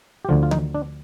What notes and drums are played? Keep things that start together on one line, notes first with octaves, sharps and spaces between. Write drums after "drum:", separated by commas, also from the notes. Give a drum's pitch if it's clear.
G4
D2 D3 F3 F4
F4
D#4, drum: tom
D4